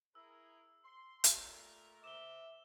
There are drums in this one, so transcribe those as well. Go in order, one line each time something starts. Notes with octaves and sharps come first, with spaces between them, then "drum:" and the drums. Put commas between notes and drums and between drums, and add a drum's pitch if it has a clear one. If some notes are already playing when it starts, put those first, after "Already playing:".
E4 G#4 A#4 E6
C6
drum: hi-hat
A#2 A3 A#4
E5 D6 E7 G7